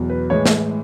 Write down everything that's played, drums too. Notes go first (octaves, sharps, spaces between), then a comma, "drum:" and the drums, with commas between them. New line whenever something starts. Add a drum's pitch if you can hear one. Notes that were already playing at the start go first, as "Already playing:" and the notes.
Already playing: E2 B2 F#3
B4
A2 E3 G#3 C#5
drum: snare